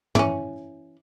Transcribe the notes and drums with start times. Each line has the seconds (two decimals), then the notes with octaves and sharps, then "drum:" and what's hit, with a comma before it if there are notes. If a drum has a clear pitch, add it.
0.15 E3 C#4, drum: tom